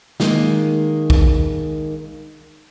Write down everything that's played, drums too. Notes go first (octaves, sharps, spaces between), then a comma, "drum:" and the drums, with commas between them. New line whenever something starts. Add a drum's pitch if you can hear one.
D#3 G#3 A#3, drum: snare
drum: kick A#1